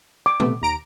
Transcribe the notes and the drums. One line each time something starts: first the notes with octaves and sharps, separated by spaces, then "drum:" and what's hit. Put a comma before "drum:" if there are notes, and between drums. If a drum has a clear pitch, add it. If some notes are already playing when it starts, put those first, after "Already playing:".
D6
C3 A3 B3, drum: tom A#2
D#2 A#5 D7